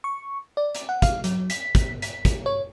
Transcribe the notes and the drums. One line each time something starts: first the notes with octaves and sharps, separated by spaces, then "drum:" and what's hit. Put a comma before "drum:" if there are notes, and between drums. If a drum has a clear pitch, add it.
C#6
D5
drum: hi-hat
F#5
F5, drum: kick, hi-hat
F#3, drum: hi-hat
B6, drum: hi-hat
drum: kick, hi-hat
B6, drum: hi-hat
drum: kick, hi-hat
C#5